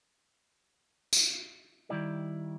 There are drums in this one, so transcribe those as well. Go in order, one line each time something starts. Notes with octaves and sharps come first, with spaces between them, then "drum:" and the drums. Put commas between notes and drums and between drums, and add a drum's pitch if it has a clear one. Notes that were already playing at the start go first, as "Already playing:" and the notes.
drum: tambourine
D#3 G3 E4 D5